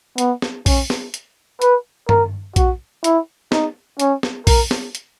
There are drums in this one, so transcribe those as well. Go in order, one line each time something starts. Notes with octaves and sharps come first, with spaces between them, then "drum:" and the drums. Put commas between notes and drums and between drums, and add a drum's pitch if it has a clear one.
B3, drum: hi-hat
drum: snare B3
C#4, drum: kick A#1, open hi-hat
drum: snare B3
drum: hi-hat
B4, drum: hi-hat
A#4, drum: tom G2
F#4, drum: kick A#1, hi-hat
E4, drum: hi-hat
D#4, drum: snare B3
C#4, drum: hi-hat
drum: snare B3
A#4, drum: kick A#1, open hi-hat
drum: snare B3
drum: hi-hat